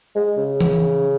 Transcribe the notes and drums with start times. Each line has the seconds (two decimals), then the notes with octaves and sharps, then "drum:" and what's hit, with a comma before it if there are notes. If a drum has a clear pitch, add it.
0.16 G#3
0.38 C#3
0.61 drum: tom E3